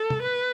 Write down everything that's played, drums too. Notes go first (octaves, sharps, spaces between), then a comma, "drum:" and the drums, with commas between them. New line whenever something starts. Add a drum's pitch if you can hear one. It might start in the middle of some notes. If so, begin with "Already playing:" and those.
Already playing: A4
drum: tom C3
B4